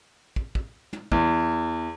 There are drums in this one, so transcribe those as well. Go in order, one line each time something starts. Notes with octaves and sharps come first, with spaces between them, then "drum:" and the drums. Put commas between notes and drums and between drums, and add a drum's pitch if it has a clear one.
drum: kick
drum: kick
drum: tom
E2, drum: kick